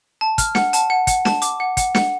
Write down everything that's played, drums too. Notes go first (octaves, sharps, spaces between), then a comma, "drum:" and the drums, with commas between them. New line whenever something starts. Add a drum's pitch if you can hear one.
A5
F6, drum: kick, hi-hat
F#5, drum: snare
A5, drum: hi-hat
F#5
F#5, drum: kick, hi-hat
A5, drum: snare
D6, drum: hi-hat
F#5
F#5, drum: kick, hi-hat
F#5, drum: snare